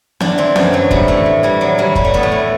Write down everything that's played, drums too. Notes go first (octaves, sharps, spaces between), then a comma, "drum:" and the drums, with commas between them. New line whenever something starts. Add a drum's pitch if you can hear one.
E3 D4, drum: snare B3
E3 C4
F#2 D4, drum: snare B3
E3 F#3
A2 G3, drum: kick
E3 A3
A2
E3 G3
A2 F#3
E3 G3
E3 G3, drum: kick
A3
A2 B3
A3
E3